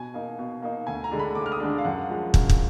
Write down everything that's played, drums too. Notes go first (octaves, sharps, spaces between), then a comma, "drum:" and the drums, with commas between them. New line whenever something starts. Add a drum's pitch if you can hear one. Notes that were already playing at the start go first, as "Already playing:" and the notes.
Already playing: B2 G#5
A#3 D#4
B2
A#3 D#4
D2 G#5
A#5
D3 G#3 D4
B5
D2 D6
F6
D#6
D3 G#3 D4
F5
F#2 F#5
F3 G#3
F#2, drum: kick
drum: kick